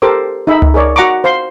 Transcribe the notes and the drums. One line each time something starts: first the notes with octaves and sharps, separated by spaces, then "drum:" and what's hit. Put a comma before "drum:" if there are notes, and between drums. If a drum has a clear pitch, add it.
G4 A4 A#4 C5 D6
D#4 G#4 E5 B5
drum: tom C#2
G#4 A#4 C#5 D5
F#4 F#5 A#5 C#6 D6
C5 F5 C6